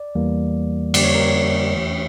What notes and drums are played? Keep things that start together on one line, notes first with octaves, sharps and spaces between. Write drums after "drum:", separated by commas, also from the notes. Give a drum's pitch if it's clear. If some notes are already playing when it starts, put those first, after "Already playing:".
Already playing: D5
E2 E3 G3 A#3
F2 D3 G3 A#3 D5, drum: cymbal
C#5
A#4
C#5
E2 E3 A3